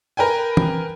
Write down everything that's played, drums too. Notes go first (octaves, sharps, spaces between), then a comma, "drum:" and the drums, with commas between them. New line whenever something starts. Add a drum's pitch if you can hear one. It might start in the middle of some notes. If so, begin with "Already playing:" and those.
A#4 B4 G5 G#5
drum: tom E3